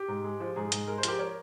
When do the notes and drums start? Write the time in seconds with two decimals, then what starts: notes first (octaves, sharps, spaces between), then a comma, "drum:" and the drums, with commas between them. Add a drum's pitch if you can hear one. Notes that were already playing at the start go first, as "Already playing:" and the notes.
Already playing: G4
0.08 G#2
0.24 G#3
0.40 F3
0.56 G#2 G#4
0.72 G#2, drum: hi-hat
0.87 G#3 A#4
0.98 C5
1.03 F3 G4 A#4, drum: hi-hat
1.19 A#4 C#5